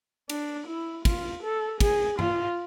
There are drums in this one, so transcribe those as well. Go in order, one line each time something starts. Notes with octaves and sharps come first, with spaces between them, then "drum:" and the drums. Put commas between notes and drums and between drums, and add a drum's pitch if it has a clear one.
D4, drum: cymbal
E4
F4, drum: kick, cymbal
A4
G#4, drum: kick, cymbal
F4, drum: tom G2